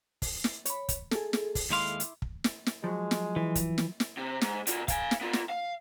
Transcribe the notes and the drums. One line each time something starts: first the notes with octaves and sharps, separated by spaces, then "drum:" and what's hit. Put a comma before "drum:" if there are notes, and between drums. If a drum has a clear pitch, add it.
drum: kick, open hi-hat
drum: snare
C#5 B5, drum: hi-hat
drum: kick, hi-hat
G#4 A4, drum: snare
drum: snare
drum: kick, open hi-hat
D#2 G#3 E4 F5 C6 D6
drum: hi-hat
drum: kick
drum: snare
drum: snare
F3 F#3 G#3
drum: snare
E3
drum: kick, hi-hat
drum: snare
drum: snare
C3
G#2, drum: snare
B2 F4, drum: hi-hat
F5 G#5, drum: kick, hi-hat
drum: snare
B3 F4
drum: snare
F5